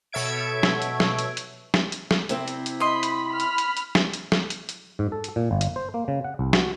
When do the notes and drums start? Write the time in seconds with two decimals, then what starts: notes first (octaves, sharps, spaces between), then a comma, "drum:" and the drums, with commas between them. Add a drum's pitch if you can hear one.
0.13 B2 A4 C#5 E5 G#6 D7
0.63 drum: snare
0.82 drum: hi-hat
1.00 drum: snare
1.19 drum: hi-hat
1.37 drum: hi-hat
1.74 drum: snare
1.92 drum: hi-hat
2.11 drum: snare
2.29 C3 C4 E4, drum: hi-hat
2.48 drum: hi-hat
2.66 drum: hi-hat
2.80 D#5 B5 C6
3.03 drum: hi-hat
3.29 B5 F6
3.40 drum: hi-hat
3.58 drum: hi-hat
3.77 drum: hi-hat
3.95 drum: snare
4.13 drum: hi-hat
4.32 drum: snare
4.50 drum: hi-hat
4.69 drum: hi-hat
4.99 G#2
5.12 A4
5.24 drum: hi-hat
5.36 A#2
5.51 G1
5.61 drum: hi-hat
5.76 C5
5.94 A#3
6.08 C#3
6.24 F#5
6.39 C2
6.53 F#4, drum: snare